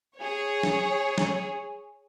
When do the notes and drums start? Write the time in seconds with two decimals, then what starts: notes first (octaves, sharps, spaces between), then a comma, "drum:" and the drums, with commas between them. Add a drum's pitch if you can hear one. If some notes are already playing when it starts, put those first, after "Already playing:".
0.17 G#4 C#5
0.63 drum: snare
1.18 drum: snare